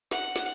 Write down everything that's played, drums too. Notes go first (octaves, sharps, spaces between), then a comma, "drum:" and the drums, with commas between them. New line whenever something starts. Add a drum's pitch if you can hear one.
F#5, drum: snare
drum: snare